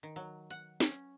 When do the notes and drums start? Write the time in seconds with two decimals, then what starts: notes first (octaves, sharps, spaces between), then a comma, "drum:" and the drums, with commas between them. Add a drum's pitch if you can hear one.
0.03 D#3
0.16 F#3
0.50 F#5, drum: hi-hat
0.80 C#4, drum: snare